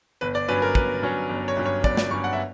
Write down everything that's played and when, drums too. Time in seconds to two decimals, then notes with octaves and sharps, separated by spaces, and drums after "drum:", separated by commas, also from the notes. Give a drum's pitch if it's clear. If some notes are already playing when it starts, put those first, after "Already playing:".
0.21 G1 B4
0.35 D5
0.48 G2 F#3 C#4 B4
0.62 A#4
0.75 G1 B4, drum: kick
1.03 G2 F#3 C#4
1.29 G1
1.48 C#5
1.57 G2 F#3 C#4
1.66 C#5
1.84 G1 D5, drum: kick
1.97 D5, drum: snare
2.11 G2 F#3 C#4 C#6
2.24 F#5
2.33 E5